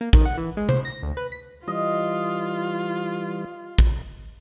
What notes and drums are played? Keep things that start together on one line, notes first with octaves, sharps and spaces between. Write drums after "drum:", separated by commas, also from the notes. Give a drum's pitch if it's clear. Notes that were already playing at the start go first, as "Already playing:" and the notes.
A#3
D#3, drum: kick
F#5
E3
G#3
C5, drum: tom C3
A#6
D2
B4
B6
E3 G3 F4 D#5
drum: kick